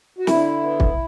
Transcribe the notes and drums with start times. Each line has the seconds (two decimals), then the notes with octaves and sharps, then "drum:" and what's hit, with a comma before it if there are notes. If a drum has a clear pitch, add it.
0.19 F#4
0.27 D3 E4, drum: snare
0.63 B3
0.80 drum: kick